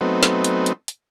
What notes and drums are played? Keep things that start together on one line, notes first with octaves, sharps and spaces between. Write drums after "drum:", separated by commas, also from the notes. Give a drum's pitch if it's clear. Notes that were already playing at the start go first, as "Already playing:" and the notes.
F#3 A3 B3 C4 D#4
drum: snare
drum: hi-hat
drum: hi-hat
drum: hi-hat